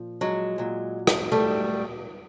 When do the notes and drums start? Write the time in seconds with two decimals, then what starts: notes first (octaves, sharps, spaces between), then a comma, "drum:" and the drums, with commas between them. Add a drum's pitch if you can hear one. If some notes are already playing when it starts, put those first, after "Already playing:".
Already playing: A#2 F3
0.21 F#3 G#3
0.58 A#2 F#3
1.07 drum: rim click
1.32 G3 A3